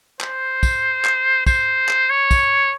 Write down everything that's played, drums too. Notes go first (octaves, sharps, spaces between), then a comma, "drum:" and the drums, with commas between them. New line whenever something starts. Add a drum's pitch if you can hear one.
C5, drum: clap
drum: kick, tambourine
drum: clap
C5, drum: kick, tambourine
drum: clap
C#5
drum: kick, tambourine